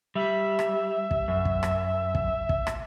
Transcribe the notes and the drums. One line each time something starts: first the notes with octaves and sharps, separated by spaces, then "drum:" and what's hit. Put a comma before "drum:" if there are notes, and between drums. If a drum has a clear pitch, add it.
G3 E5
drum: rim click
drum: kick
F#2
drum: kick
drum: rim click
drum: kick
drum: kick
drum: rim click